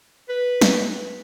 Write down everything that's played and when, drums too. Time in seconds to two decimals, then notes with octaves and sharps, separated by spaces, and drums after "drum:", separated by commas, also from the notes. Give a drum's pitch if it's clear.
0.29 B4
0.61 drum: snare